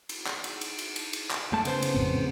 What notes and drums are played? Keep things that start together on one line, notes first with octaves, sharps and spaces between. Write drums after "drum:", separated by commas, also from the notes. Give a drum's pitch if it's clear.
drum: cymbal
drum: clap
drum: cymbal
drum: cymbal
drum: cymbal
drum: cymbal
drum: cymbal
drum: clap
F#2 A3 A5
C#3 B3 C5, drum: cymbal
drum: cymbal
F2 A2 C4